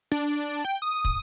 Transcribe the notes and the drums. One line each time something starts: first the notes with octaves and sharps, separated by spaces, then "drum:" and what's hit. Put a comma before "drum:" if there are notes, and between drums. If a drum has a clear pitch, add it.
D4
G5
D#6
drum: kick